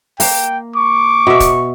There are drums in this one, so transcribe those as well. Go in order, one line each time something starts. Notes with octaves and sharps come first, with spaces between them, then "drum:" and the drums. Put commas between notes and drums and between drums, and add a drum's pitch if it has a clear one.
A#3 G5, drum: open hi-hat
C#6 D6
B2 E5
drum: kick E1, hi-hat